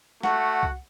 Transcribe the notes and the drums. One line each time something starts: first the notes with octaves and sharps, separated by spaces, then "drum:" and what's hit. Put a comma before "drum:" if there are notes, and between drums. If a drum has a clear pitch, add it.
A3 F#4 F#5, drum: snare
drum: kick C2